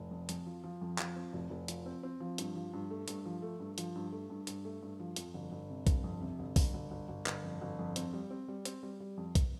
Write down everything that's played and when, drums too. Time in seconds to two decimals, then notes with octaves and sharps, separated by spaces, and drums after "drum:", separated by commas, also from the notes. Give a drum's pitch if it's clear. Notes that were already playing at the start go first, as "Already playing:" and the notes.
Already playing: F1
0.11 F2
0.29 F2, drum: hi-hat
0.46 F3
0.64 F3
0.81 F2
0.98 F3, drum: clap
1.16 C4
1.33 F1
1.50 F1
1.68 F3, drum: hi-hat
1.86 C4
2.03 C4
2.20 F3
2.38 G2, drum: hi-hat
2.56 F3
2.73 G2
2.90 A3
3.08 G2, drum: hi-hat
3.25 F3
3.42 A3
3.60 G2
3.78 F3, drum: hi-hat
3.96 G2
4.12 A3
4.30 G2
4.47 G2, drum: hi-hat
4.65 A3
4.82 G2
5.00 F3
5.16 F2, drum: hi-hat
5.34 G1
5.52 G1
5.70 C3
5.87 G1, drum: kick B1, hi-hat
6.04 F2
6.21 C3
6.39 G1
6.56 G1, drum: kick B1, open hi-hat
6.74 G1
6.91 G1
7.08 G1
7.26 G1, drum: clap
7.44 F2
7.61 G1
7.79 F2
7.96 C4, drum: hi-hat
8.13 G3
8.30 C4
8.48 G3
8.65 C4, drum: hi-hat
8.83 G3
9.00 G3
9.17 F2
9.35 drum: kick B1, hi-hat